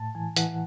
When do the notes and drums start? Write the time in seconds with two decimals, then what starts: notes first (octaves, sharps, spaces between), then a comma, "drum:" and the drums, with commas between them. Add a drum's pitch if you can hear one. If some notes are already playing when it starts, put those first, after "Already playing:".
Already playing: A2 A5
0.15 E3 G#5
0.36 E3 F#5, drum: hi-hat